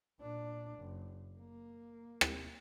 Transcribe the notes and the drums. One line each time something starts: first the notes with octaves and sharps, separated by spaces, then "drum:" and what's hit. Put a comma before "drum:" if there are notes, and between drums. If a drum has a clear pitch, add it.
A#2 D4
F#1
A#3
drum: rim click